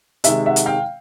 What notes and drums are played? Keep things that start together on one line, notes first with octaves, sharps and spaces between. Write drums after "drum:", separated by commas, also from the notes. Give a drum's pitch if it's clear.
C3 D#3 G#3 E5, drum: hi-hat
E5 F#5
drum: hi-hat
F5 G5